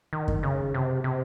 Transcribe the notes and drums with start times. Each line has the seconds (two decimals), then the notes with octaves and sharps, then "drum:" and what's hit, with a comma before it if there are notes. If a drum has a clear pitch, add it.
0.13 D#3
0.28 drum: kick F#2
0.43 C#3
0.74 C3
1.04 C3